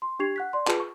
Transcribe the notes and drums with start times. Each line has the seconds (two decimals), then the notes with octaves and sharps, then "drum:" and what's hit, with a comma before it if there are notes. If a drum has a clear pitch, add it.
0.02 C6
0.19 D4 G4 C#6 G#6 C7 F7
0.36 F#5 F#6 B6
0.53 D5 C6
0.68 F4 G#4 B4 A5, drum: clap
0.80 C#6